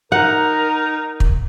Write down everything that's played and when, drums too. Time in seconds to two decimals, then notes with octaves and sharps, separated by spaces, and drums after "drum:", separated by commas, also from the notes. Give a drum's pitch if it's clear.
0.12 D#4 A#4 F#5
1.20 drum: kick